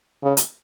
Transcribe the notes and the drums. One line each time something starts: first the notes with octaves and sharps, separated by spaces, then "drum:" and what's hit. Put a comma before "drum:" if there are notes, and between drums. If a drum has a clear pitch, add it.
C#3
drum: hi-hat